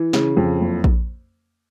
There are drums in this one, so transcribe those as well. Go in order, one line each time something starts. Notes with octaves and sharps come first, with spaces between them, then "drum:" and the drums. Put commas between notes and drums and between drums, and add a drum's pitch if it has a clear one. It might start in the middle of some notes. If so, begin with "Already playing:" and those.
Already playing: E3
C#3, drum: snare
F2
F#1
drum: kick A#1